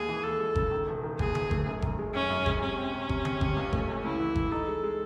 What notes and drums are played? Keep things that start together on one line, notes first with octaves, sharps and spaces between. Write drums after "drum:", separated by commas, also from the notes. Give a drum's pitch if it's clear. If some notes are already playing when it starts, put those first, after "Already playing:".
Already playing: D#2 G#3 G#4
E3
D#2 A4
G#3
C#3, drum: kick G1
D#3
E1
D#3
D#2 G#4, drum: kick G1
E1, drum: tom D3
A3, drum: kick G1
F#2
D#3, drum: kick G1
G#3
F#2 C#4
F#2
G#3, drum: kick G1
C3 C#4
C4
C3
C3, drum: kick G1
C4, drum: tom D3
C3, drum: kick G1
C#2
A3, drum: kick G1
C#2
C#2 E4
E3
E3, drum: kick G1
D#4 A4
G#3
G#3